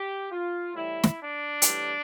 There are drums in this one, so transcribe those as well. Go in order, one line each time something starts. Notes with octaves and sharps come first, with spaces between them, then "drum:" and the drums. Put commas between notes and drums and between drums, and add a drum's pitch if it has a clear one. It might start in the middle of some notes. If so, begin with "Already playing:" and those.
Already playing: G4
F4
A2 E3 G3 E4
drum: snare
D4
A2 E3 G3, drum: hi-hat